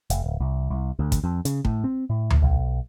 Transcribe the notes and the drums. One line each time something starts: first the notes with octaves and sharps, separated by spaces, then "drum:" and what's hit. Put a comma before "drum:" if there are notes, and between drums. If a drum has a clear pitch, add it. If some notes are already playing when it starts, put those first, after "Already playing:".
F1, drum: hi-hat
D1
C2
C2
D2
drum: kick, hi-hat
F2
C#3, drum: hi-hat
A2, drum: kick
C4
A2
drum: tom D2
B1